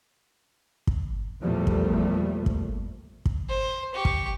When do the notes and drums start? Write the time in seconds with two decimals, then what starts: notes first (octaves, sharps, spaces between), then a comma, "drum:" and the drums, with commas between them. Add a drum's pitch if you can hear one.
0.87 drum: kick
1.40 E2 A#2 F3 G3 A3
1.67 drum: kick
2.46 drum: kick
3.26 drum: kick
3.49 C5
3.94 G4 C#6
4.05 drum: kick